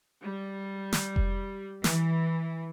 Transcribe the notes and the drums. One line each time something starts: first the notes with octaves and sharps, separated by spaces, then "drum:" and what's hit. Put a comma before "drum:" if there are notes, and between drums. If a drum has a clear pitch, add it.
G3
drum: snare
drum: kick F1
E3, drum: snare